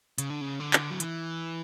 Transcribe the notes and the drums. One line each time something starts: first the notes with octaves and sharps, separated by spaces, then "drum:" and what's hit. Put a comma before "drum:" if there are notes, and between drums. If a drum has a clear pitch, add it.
C#3, drum: hi-hat
D3
C#3
D3
drum: clap
F#3
E3, drum: hi-hat